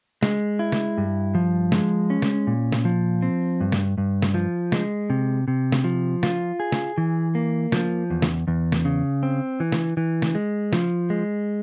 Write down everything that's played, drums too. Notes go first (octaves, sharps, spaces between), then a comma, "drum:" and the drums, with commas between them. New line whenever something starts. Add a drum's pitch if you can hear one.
G#3, drum: snare
E4
drum: snare
G2
F3
G#3, drum: snare
C#4
drum: snare
A#2
drum: snare
F3
C4
G2
drum: snare
G2
drum: snare
F3
G#3, drum: snare
C3
C3
drum: snare
F3
F4, drum: snare
G#4
drum: snare
E3
A#3
F3, drum: snare
E2
drum: snare
E2
drum: snare
C#3
C4
E3
drum: snare
E3
drum: snare
G#3
F3, drum: snare
G#3